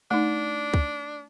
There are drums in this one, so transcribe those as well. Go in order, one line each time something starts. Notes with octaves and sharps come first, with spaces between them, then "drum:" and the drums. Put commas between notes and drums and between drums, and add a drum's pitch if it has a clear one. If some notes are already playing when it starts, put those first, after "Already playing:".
A3 D4 D#4
drum: kick